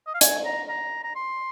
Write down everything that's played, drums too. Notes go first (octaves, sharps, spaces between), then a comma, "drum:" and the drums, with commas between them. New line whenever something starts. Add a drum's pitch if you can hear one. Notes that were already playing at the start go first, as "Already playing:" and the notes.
D#5
F5
G#5, drum: hi-hat
A#5
A#5
A#5
C6